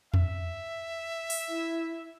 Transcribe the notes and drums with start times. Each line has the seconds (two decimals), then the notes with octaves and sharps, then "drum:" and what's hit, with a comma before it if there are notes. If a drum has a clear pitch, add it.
0.14 E5, drum: tom E2
1.30 drum: open hi-hat
1.49 E4